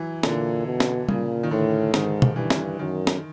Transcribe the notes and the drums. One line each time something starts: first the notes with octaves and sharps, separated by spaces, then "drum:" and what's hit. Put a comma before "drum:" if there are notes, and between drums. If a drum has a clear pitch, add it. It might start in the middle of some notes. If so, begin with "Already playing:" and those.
Already playing: E3 F#3
A#2 D3, drum: snare
B2
drum: snare
A#2 C#3, drum: tom G3
D#3
A2 D3
G#2 D#3, drum: snare
drum: tom
G2 E3
drum: snare
F#2 D#3
drum: snare